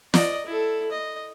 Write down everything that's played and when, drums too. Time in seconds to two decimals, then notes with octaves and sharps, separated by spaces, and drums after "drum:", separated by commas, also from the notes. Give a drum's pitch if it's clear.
0.14 D5 D#5, drum: snare
0.46 E4 A4
0.91 D#5